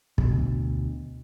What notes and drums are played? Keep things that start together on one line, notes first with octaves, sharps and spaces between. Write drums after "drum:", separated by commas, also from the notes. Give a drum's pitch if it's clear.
D2 B2, drum: kick